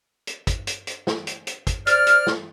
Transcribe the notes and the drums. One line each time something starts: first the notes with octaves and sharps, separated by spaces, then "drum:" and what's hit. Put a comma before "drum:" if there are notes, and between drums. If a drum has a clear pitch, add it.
drum: hi-hat
drum: kick, hi-hat
drum: hi-hat
drum: hi-hat
drum: snare
drum: hi-hat
drum: hi-hat
drum: kick, hi-hat
C5 D5 F6, drum: hi-hat
drum: hi-hat
drum: snare